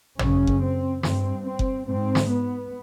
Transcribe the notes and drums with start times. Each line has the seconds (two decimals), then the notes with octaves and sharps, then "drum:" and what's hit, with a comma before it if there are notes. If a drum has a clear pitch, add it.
0.19 F#2 C#3 C#4, drum: tom
0.47 drum: kick F#1
0.61 C4
1.03 G2 C4, drum: snare
1.46 C4
1.59 drum: kick F#1
1.87 G#2 C4
2.15 drum: snare
2.29 B3